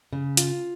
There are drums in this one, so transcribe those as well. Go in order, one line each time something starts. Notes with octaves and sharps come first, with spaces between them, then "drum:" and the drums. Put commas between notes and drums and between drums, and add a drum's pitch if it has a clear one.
C#3
F4, drum: hi-hat